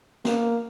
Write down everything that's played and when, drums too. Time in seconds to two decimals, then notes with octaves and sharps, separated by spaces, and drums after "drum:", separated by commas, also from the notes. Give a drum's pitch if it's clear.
0.25 A#3, drum: snare